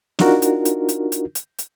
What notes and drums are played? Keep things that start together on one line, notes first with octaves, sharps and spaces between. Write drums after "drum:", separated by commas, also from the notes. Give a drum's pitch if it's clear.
D4 D#4 F4 F#4 A#4, drum: snare
drum: hi-hat
drum: hi-hat
drum: hi-hat
drum: hi-hat
drum: hi-hat
drum: hi-hat